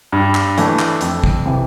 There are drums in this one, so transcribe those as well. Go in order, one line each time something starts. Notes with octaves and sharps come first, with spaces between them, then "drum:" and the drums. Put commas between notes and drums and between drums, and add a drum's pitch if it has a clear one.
G2
drum: clap
E3 A3 D4, drum: hi-hat
drum: clap
F2, drum: hi-hat
drum: kick
C3 E3